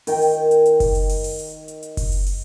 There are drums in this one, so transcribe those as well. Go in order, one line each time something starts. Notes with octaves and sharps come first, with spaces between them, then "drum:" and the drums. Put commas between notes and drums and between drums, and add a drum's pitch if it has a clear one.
D#3 G5, drum: open hi-hat
drum: hi-hat
drum: hi-hat
drum: hi-hat
drum: kick F#1, open hi-hat
drum: hi-hat
drum: open hi-hat
drum: open hi-hat
drum: hi-hat
drum: hi-hat
drum: hi-hat
drum: kick F#1, open hi-hat
drum: hi-hat
drum: open hi-hat